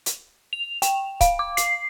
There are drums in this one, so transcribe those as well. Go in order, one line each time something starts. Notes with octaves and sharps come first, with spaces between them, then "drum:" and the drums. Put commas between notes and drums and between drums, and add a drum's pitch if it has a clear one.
drum: hi-hat
F7
G5, drum: hi-hat
F5, drum: kick C#1, hi-hat
D6
C7, drum: hi-hat